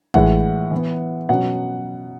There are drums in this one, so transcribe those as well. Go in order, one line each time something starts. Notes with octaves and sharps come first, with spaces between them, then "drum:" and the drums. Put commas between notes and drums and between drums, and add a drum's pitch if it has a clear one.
A2 E3 G#3 F#5, drum: kick
E3 B3
B2 F#3 C#4 F#5